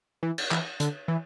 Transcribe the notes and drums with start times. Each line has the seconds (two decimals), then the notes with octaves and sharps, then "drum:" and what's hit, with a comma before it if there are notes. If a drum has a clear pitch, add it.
0.23 E3
0.38 drum: cymbal
0.51 E3, drum: clap
0.80 D3, drum: hi-hat
1.08 E3